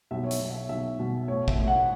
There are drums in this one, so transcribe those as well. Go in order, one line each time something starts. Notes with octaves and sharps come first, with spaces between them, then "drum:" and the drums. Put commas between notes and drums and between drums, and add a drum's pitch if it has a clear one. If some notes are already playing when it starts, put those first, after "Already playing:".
B1 E5
C#5
E5, drum: hi-hat
B1
E5
B1 E5
B2
A2 C#5
E5, drum: kick A1
A1
F#5